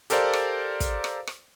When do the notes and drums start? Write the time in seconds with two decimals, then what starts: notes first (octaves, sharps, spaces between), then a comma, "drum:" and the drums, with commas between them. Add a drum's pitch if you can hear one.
0.10 G4 A4 A#4 C5 D5 F5, drum: hi-hat
0.33 drum: rim click
0.80 drum: kick, hi-hat
1.04 drum: rim click
1.27 drum: rim click